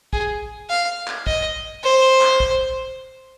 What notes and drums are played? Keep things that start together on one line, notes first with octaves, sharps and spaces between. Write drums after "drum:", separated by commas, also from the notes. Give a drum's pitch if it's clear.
G#4, drum: kick
F5
drum: clap
D#5, drum: kick
C5
drum: clap
drum: kick